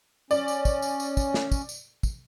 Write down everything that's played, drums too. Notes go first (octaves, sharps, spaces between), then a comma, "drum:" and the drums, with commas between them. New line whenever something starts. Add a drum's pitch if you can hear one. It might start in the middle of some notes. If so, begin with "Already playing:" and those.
C#4 D5, drum: tambourine
drum: tambourine
drum: kick, tambourine
drum: tambourine
drum: tambourine
drum: kick, tambourine
drum: snare
drum: kick, tambourine
drum: tambourine
drum: kick, tambourine